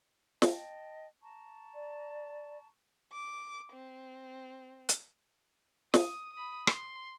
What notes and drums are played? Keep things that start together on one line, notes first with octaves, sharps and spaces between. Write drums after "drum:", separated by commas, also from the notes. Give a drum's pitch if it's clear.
D#5 G5 A5, drum: snare
A5 A#5 C#6
D5
D6
C4
drum: hi-hat
D#6, drum: snare
B5 D#6
C6, drum: rim click